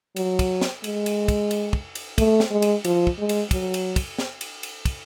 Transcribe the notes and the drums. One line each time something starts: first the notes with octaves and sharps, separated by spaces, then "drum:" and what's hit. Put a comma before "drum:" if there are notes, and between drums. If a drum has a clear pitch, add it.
F#3, drum: cymbal
drum: kick, cymbal
drum: snare
G#3, drum: cymbal
drum: cymbal
drum: kick, cymbal
drum: cymbal
drum: kick
drum: cymbal
A3, drum: kick, cymbal
drum: snare
G#3
drum: cymbal
F3, drum: cymbal
drum: kick
G#3
drum: cymbal
F#3, drum: kick, cymbal
drum: cymbal
drum: kick, cymbal
drum: snare
drum: cymbal
drum: cymbal
drum: kick, cymbal